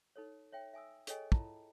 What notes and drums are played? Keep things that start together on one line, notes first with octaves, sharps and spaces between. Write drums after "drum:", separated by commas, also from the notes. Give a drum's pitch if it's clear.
D#4 A4 C#5
C#5 E5 G5
E5 G#5 D#6 E6
G#4 A4 C#5 D#5 G5 G#5, drum: hi-hat
E4 F4 A5 A#5, drum: kick